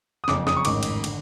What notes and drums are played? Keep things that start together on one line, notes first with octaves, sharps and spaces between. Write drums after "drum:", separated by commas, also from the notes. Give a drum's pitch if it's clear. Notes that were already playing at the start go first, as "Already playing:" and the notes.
D#6
F#1 F2 C#3 D6, drum: snare
D#6, drum: snare
C#6
A1 G#2 D#3 D6, drum: cymbal
drum: cymbal
D3, drum: cymbal